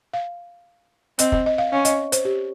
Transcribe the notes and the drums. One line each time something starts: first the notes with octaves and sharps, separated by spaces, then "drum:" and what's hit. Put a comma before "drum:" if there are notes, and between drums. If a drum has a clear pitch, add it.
F5
C4 D#5, drum: hi-hat
D#5, drum: kick
D#5
F5
C#4 F5
D#5, drum: hi-hat
C5, drum: hi-hat
G4